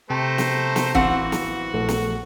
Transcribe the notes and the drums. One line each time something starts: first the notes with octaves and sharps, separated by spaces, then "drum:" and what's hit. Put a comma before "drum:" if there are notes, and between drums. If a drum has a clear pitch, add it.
C3 A3 C5 G5 A5 A#5
drum: snare
drum: snare
A1 E3 C4 F#4 F5 F#5, drum: kick C#1
drum: snare
A#1 A3 A4
drum: snare